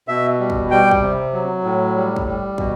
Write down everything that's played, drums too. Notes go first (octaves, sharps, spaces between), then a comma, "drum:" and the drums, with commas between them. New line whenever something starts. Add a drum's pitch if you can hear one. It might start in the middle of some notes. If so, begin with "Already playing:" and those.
B2 E5
G3
drum: kick
G3 G5
drum: kick
C3
F#3
A2
G3
drum: kick
G3
B2, drum: kick